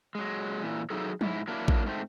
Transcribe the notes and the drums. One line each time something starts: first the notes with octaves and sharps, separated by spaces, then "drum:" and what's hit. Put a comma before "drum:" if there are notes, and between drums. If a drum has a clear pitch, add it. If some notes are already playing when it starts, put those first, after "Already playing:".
F#3 G#3
A#2 E3
F#3 D#4 E4 G#4 A4
G#2 E4, drum: tom F3
F#3 A#3 D4 E4
drum: kick A1
G#2 A3 B3 C4